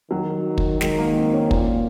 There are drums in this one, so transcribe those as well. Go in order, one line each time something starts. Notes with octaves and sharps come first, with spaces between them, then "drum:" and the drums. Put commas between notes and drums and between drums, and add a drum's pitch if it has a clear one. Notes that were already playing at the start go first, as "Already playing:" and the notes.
D#3 F#3
drum: kick
D#3 G#3, drum: snare
A#3
C4
C4
C#4
A#2 A#3, drum: kick